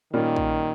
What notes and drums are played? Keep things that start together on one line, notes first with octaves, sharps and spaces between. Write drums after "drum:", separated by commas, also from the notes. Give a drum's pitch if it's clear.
A#2 D#3 G3 C#4 F4 A#4
drum: kick A#1